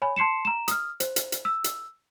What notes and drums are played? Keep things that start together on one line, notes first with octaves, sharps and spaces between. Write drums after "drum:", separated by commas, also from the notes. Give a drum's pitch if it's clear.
C#5 G#5 B5
A5 C6 C7 C#7 E7
A#5 E7
D#6 F6, drum: hi-hat
C5, drum: hi-hat
drum: hi-hat
drum: hi-hat
E6
drum: hi-hat